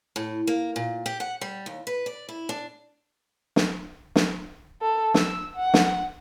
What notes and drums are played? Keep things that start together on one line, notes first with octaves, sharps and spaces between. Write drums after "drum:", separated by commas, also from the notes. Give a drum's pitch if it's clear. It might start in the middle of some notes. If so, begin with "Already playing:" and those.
A2
A#3
A#2
G4
F#5
G3
D#2
B4
D5
E4
D4
drum: snare
drum: snare
A4
E6, drum: snare
F#5
drum: snare